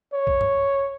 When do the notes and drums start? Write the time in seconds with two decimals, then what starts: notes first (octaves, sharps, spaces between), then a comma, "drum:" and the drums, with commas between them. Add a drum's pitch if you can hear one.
0.13 C#5
0.27 drum: kick
0.41 drum: tom G2